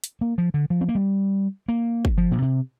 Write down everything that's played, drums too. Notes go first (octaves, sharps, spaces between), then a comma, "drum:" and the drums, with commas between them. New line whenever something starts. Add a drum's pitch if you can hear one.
drum: hi-hat
A#3
F3
D3
F3
C4
A#3
G3
A#3
drum: kick
F3
A#2
C3